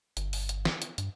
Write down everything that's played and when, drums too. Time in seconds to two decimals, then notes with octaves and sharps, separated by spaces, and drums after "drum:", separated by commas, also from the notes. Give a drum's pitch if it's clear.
0.17 G1, drum: hi-hat
0.33 drum: open hi-hat
0.49 drum: hi-hat
0.65 drum: snare
0.82 drum: hi-hat
0.98 G2, drum: hi-hat